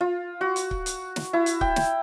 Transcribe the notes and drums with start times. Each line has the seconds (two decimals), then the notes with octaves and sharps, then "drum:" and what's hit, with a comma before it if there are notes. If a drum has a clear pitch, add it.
0.01 F4
0.41 F#4
0.56 drum: hi-hat
0.71 drum: kick C#1
0.86 drum: hi-hat
1.16 drum: snare
1.33 E4
1.46 drum: hi-hat
1.61 G5, drum: kick C#1
1.76 drum: snare